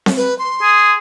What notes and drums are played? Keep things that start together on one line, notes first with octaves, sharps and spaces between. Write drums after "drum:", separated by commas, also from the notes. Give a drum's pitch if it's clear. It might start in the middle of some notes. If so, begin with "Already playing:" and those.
drum: snare C4
B4
C6
G#4